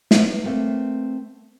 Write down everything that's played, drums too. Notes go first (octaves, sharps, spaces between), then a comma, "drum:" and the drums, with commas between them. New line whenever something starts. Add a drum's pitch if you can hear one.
B4 C#5, drum: snare
A3 A#3 C4